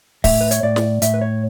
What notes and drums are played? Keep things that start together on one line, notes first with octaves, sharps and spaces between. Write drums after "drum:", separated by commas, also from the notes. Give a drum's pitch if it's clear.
A2 E5, drum: kick D1, open hi-hat
B4
C#5, drum: hi-hat
A2 D5
drum: snare
A2 E5, drum: hi-hat
B4
C#5